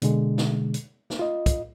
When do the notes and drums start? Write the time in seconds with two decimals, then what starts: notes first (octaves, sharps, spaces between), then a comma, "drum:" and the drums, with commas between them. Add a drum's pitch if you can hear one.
0.02 B2 D3 G#3, drum: hi-hat
0.38 drum: snare
0.74 drum: hi-hat
1.10 drum: snare
1.19 F4 D#5
1.46 drum: kick, hi-hat